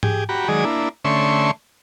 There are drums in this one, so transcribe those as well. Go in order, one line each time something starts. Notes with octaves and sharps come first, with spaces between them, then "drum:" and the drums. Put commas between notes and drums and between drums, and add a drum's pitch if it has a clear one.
G4 G#4, drum: tom G#2
F#4 G4 A#5 B5
D#3 F#3 G#3 G#4 D5 D#6
A#3 D4 E4
D3 A3 C#4 E5 C6 C#6